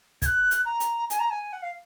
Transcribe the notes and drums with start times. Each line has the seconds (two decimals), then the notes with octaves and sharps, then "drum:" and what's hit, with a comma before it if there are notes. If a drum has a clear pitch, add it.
0.22 G#6, drum: kick, hi-hat
0.26 F#6
0.51 drum: hi-hat
0.65 A#5
0.80 drum: hi-hat
1.10 G#5, drum: hi-hat
1.19 A#5
1.30 G#5
1.53 F#5
1.62 F5